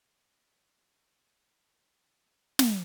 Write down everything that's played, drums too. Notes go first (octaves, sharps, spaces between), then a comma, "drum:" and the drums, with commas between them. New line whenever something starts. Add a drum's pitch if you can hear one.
A1 D2 A#2 E3 C#5
C#5 D#5 G#5 A#5 C#6
C5 F#5
drum: snare